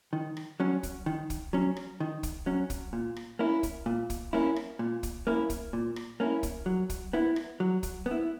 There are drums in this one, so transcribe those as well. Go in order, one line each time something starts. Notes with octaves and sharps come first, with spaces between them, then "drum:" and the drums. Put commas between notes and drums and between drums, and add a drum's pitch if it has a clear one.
D#3
drum: rim click
F#3 C#4
drum: kick, hi-hat
D#3
drum: kick, hi-hat
F#3 C#4
drum: rim click
D#3
drum: kick, hi-hat
F#3 C#4
drum: kick, hi-hat
A#2
drum: rim click
A#3 C#4 E4
drum: kick, hi-hat
A#2
drum: kick, hi-hat
A#3 C#4 E4
drum: rim click
A#2
drum: kick, hi-hat
A#3 C#4 E4
drum: kick, hi-hat
A#2
drum: rim click
A#3 C#4 E4
drum: kick, hi-hat
F#3
drum: kick, hi-hat
B3 E4
drum: rim click
F#3
drum: kick, hi-hat
B3 E4